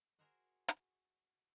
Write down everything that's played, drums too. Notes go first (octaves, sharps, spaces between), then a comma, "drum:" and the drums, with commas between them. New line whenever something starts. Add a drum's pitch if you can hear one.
F#4 G#4 A#4 C5 E5 F#5
drum: hi-hat